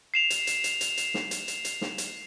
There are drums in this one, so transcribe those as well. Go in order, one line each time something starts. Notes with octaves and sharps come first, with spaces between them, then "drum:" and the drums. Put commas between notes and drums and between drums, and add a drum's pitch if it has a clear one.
C7 E7 F7
drum: hi-hat
drum: hi-hat
drum: hi-hat
drum: hi-hat
drum: hi-hat
drum: snare
drum: hi-hat
drum: hi-hat
drum: hi-hat
drum: snare
drum: hi-hat